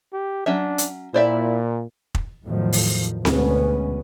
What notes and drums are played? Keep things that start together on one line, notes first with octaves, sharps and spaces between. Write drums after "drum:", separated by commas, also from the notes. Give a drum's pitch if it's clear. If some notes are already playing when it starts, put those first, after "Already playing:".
G4
F#3 C#4 D4 E5
drum: hi-hat
A#2 E4 C5 D5 E5
drum: kick
E2 A2 D#3 F3 F#3
drum: open hi-hat
D2 B2 G#3 B3 C#4, drum: snare C4